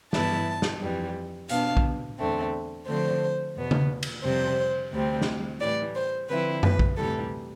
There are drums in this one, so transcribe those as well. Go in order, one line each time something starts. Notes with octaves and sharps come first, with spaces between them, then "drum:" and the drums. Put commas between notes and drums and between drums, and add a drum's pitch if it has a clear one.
G2 E3 B3 E4 A5, drum: snare
drum: snare
F2 E3 G3
B2 B3 D4 F5, drum: hi-hat
drum: kick A#1
E2 D3 A3 C4
D3 F3 A3 C4 C5
E2 B2 B3
drum: tom C#3
drum: cymbal
F2 C3 G3 C4 C5
D2 C3 G3 C4
drum: snare
A2 E3 G3 D5
C5
D3 F3 C4 E4 B4
B4, drum: tom F#2
drum: kick A#1
D2 C3 E3 G3 A4